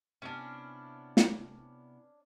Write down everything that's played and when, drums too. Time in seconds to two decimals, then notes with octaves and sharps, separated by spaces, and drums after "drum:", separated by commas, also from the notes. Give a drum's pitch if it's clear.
0.22 C3 B3 C#4 D4 E4
1.17 drum: snare